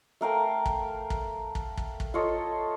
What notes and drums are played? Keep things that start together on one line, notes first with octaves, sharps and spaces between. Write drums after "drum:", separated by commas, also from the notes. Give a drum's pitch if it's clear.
A3 A#4 F5 G5
drum: kick
drum: kick
drum: kick
drum: kick
drum: kick
F4 A4 C#5 D#5